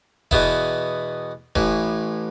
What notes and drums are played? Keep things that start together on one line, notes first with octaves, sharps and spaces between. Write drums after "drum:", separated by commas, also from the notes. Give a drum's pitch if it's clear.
E2 B2 B3 E4, drum: kick E1
A1 A2 E3, drum: kick E1